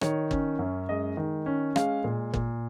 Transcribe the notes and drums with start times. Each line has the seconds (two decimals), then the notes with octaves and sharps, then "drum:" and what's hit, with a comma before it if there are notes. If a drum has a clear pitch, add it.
0.01 D#3 C#5, drum: rim click
0.31 C#4, drum: kick G1
0.59 F#2
0.89 G#3 D#5
1.17 D#3
1.46 C#4
1.76 G#3 F5, drum: rim click
2.04 A#2
2.34 A#2, drum: kick G1